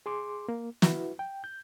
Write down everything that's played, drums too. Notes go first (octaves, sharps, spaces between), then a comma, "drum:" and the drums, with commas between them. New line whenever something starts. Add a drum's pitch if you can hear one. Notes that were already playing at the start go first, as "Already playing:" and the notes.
G#4 C6 D6
A#3
E4 F#4 B4, drum: snare
G5
G6